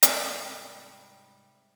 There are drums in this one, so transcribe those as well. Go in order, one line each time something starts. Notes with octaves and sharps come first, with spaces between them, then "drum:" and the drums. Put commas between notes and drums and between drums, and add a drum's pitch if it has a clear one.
G#2 C3 G3 B4 A#5, drum: hi-hat